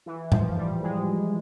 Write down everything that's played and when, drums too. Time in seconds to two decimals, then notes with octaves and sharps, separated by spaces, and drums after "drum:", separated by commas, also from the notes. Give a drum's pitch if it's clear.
0.06 E3
0.32 F3, drum: tom A2
0.56 G3
0.82 G#3